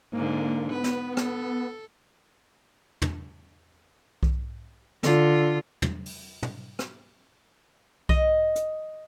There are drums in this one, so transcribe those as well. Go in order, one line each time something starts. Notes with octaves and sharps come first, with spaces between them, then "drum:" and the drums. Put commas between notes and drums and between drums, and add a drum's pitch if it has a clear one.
G#2 D3 A#3
B3 B4
drum: snare
A4, drum: rim click
drum: tom
drum: kick B1
D3 F4, drum: snare
drum: tom
drum: open hi-hat
drum: tom
drum: rim click
D#5, drum: kick B1
drum: hi-hat